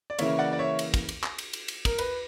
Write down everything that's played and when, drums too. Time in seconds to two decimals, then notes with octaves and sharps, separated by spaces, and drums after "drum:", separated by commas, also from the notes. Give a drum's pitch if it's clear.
0.10 D5
0.19 C#3 E3 A#3 C#5 E5, drum: cymbal
0.39 D5 F#5
0.53 D5
0.59 C#5 E5
0.79 drum: cymbal
0.94 drum: kick, cymbal
1.09 drum: cymbal
1.24 drum: clap
1.38 drum: cymbal
1.53 drum: cymbal
1.68 drum: cymbal
1.85 A#4, drum: kick, cymbal
1.98 B4, drum: cymbal